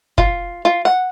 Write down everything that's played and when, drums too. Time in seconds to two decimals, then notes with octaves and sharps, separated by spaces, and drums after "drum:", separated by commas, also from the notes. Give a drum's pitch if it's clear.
0.18 F4, drum: kick
0.65 F4
0.85 F#5